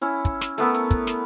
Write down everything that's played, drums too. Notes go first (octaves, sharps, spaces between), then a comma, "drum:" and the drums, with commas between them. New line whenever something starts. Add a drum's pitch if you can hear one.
C#4 E4
drum: kick, hi-hat
drum: snare
A3 B3 A#4, drum: hi-hat
drum: hi-hat
drum: kick, hi-hat
drum: snare